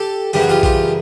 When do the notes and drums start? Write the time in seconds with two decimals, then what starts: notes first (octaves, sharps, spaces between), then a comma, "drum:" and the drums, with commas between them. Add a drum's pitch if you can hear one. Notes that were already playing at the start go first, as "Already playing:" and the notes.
Already playing: G4 A4
0.33 F#2 C#3 E3 G3 G4, drum: open hi-hat
0.41 F#4
0.49 F4 G4
0.63 F4 G4, drum: kick A#1